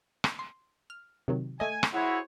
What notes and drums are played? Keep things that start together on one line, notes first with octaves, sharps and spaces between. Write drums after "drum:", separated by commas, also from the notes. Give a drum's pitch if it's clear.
drum: rim click
C6
F6
C3 D#3 F#3
A3 D#5 G#5
drum: rim click
E4 F#4 G#4 C5 C#5